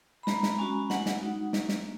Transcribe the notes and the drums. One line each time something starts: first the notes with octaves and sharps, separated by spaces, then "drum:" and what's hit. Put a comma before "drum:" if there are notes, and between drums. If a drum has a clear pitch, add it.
B5
G#3 A#5, drum: snare
drum: snare
C#4 F#4 G#5
G#3 F#5, drum: snare
drum: snare
D#4 F#4
A#3, drum: snare
drum: snare